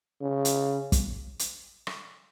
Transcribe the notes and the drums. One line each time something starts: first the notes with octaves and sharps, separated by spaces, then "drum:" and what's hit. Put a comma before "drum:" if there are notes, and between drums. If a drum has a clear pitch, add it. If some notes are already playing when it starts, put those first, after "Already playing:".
C#3
drum: hi-hat
drum: kick, hi-hat
drum: hi-hat
drum: rim click